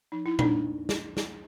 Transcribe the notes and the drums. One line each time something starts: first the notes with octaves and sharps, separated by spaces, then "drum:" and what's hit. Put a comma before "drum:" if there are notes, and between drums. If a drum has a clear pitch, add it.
F3 D#4
E4
A#3 D4 D#4, drum: tom A#2
drum: snare
drum: snare